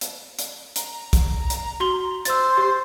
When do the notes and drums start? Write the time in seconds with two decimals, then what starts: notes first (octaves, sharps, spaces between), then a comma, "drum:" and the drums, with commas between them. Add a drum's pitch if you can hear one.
0.01 drum: hi-hat
0.39 drum: hi-hat
0.76 A#5, drum: hi-hat
1.13 drum: kick, hi-hat
1.50 drum: hi-hat
1.80 F#4 C6 G7
2.25 C5 E6 A6, drum: hi-hat
2.57 G4